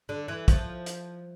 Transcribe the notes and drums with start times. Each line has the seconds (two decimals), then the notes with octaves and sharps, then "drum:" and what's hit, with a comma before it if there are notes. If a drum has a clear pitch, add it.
0.09 D3
0.28 E3
0.48 F3, drum: kick, hi-hat
0.86 drum: hi-hat